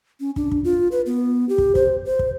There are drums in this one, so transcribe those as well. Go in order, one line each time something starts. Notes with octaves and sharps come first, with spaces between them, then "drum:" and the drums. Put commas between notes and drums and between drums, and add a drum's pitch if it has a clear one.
C#4
D4, drum: kick
drum: kick
F4
B4
B3
G4
drum: kick
C5, drum: kick
C5
drum: kick